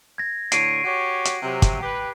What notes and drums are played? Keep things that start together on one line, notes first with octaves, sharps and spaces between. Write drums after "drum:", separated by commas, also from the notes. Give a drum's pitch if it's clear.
G#6 A#6
A2 D3 C#5 C7 D7 D#7, drum: hi-hat
F#4 G4 C#5
drum: hi-hat
C3 F#3
drum: kick, hi-hat
G4 B4